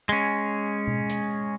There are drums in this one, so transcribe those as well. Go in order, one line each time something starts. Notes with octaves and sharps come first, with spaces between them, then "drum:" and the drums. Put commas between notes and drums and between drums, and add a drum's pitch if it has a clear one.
G#3 C#4
drum: tom B2
drum: hi-hat